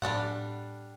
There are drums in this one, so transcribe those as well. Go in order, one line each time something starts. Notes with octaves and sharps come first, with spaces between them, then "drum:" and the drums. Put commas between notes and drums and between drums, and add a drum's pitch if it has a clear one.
G3 D4 A4 F#5, drum: tom A2